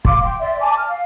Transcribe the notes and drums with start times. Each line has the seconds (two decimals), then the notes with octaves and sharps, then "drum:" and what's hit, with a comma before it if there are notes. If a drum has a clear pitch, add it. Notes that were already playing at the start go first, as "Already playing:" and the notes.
0.05 F5 C6 D6, drum: kick
0.22 G5 C6
0.40 D5 E5 C6
0.60 G#5 A5 D6
0.77 F6
0.88 F5